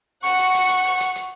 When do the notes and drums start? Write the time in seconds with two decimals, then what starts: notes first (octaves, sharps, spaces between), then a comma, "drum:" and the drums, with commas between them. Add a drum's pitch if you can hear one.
0.24 F#5 C#6, drum: open hi-hat
0.39 drum: hi-hat
0.54 drum: hi-hat
0.69 drum: hi-hat
0.85 drum: open hi-hat
1.00 drum: hi-hat
1.15 drum: hi-hat